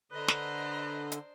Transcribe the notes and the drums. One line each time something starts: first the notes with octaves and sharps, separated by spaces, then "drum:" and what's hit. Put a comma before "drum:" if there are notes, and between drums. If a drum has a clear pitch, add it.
D3 D4 B4 C5 D#5 A#5
drum: snare
drum: hi-hat